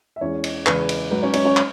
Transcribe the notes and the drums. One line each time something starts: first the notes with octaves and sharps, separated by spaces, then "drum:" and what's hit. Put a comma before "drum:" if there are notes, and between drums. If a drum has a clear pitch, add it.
E5
E2 E3 G#3 C#4 C#5
drum: cymbal
E2 C#3 E3 G#3 B4, drum: clap
drum: cymbal
G#2 F#3 B4
C#4 C#5
C#4 C#5, drum: cymbal
C#4 C#5
drum: clap